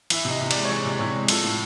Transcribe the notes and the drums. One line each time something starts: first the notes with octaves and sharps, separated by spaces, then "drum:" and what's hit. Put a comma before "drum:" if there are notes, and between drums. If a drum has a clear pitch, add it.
E3 E5, drum: cymbal
C3
D#5
C3 D#5
G#3 D5, drum: cymbal
C#5
E3 D5
C3 D5
C3 C#5
G#3
F3 A4, drum: cymbal
A2